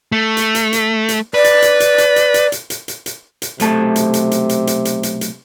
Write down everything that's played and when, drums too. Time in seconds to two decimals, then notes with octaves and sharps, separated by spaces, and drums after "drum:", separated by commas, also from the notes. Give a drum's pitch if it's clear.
0.12 A3
0.37 drum: hi-hat
0.55 drum: hi-hat
0.73 drum: hi-hat
1.09 drum: hi-hat
1.34 B4 D5
1.44 drum: hi-hat
1.62 drum: hi-hat
1.80 drum: hi-hat
1.98 drum: hi-hat
2.16 drum: hi-hat
2.34 drum: hi-hat
2.52 drum: hi-hat
2.70 drum: hi-hat
2.88 drum: hi-hat
3.06 drum: hi-hat
3.42 drum: hi-hat
3.60 B1 C3 A3 A5, drum: hi-hat
3.96 drum: hi-hat
4.14 drum: hi-hat
4.31 drum: hi-hat
4.49 drum: hi-hat
4.67 drum: hi-hat
4.85 drum: hi-hat
5.03 drum: hi-hat
5.21 drum: hi-hat